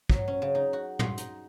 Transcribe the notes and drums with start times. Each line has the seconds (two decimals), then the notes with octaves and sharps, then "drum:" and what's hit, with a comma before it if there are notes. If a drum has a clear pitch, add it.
0.10 F#3, drum: kick
0.28 C#4
0.42 C#3
0.55 D#4
0.73 F#4
0.99 C6, drum: tom
1.18 D#4, drum: hi-hat